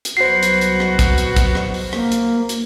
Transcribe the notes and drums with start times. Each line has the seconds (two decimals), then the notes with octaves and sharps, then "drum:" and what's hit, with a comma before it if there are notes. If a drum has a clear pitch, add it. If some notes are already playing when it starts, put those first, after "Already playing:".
0.05 drum: hi-hat
0.17 C2 F#3 B3 F#4 C5 C7
0.43 drum: hi-hat
0.61 drum: hi-hat
0.80 drum: rim click
0.99 drum: kick, hi-hat
1.18 drum: hi-hat
1.36 drum: kick, hi-hat
1.55 drum: rim click
1.74 drum: open hi-hat
1.93 A#3, drum: rim click
2.12 drum: hi-hat
2.49 drum: hi-hat